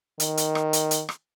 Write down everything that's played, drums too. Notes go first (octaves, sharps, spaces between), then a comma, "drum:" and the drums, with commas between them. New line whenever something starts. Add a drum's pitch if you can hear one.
D#3, drum: hi-hat
drum: hi-hat
drum: rim click
drum: hi-hat
drum: hi-hat
drum: rim click